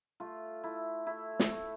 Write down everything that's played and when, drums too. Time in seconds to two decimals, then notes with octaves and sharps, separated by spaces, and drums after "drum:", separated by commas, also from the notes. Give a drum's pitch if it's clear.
0.20 A3 F4
0.63 A3 E4
1.07 A3 E4
1.40 drum: snare
1.50 A3